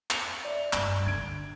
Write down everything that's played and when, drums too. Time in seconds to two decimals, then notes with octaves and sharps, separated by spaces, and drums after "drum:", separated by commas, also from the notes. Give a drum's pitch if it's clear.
0.10 C#7 F7, drum: clap
0.45 D5 E5
0.73 G2, drum: clap
1.06 D3 G#6 D7